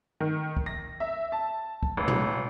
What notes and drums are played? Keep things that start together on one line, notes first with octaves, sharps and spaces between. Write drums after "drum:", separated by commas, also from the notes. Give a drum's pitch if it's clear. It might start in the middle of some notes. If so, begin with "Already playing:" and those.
D#3
drum: kick
A#6
E5
A5
drum: kick
A1
drum: tom A#2